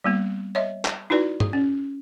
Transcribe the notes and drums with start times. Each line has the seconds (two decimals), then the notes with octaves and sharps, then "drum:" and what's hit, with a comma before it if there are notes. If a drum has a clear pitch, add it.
0.04 G3 A#3 B3
0.55 C#5 D#5 E5
0.85 drum: clap
1.10 D#4 E4 F#4 B4 D5
1.40 G#4, drum: tom
1.53 C#4